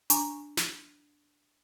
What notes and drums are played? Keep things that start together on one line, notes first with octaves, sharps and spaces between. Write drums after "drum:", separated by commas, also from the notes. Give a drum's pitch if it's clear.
D4 G#5 A#5 C#6, drum: hi-hat
drum: snare